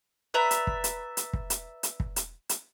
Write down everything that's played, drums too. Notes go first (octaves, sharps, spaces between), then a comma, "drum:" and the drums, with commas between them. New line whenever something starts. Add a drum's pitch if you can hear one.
B4 D5 E5 A#5
drum: hi-hat
drum: kick
drum: hi-hat
drum: hi-hat
drum: kick
drum: hi-hat
drum: hi-hat
drum: kick
drum: hi-hat
drum: hi-hat